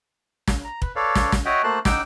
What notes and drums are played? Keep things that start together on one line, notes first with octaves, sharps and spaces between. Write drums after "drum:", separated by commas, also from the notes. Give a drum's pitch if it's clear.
drum: snare
A#5
B4, drum: kick
A4 B4 C#5 D5 F5
drum: snare
drum: snare
F#4 C#5 D#5 E5 F#5 G5
A3 A#3 F#4 C5 A5 F#6
D#4 F#5 G5 D6 E6, drum: snare